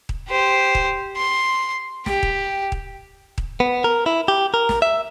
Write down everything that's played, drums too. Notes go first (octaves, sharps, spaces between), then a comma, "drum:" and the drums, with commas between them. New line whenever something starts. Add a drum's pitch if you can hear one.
drum: kick D#1
G4 C5
drum: kick D#1
C6
G4, drum: snare
drum: kick D#1
drum: kick D#1
drum: kick D#1
B3
A#4
E4
G4
A#4
drum: snare
E5